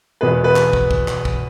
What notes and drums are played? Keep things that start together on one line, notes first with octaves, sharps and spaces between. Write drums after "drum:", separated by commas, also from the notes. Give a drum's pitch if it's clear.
E2 B2 G#3 B4
B4
drum: clap
drum: kick
drum: kick
drum: clap
drum: kick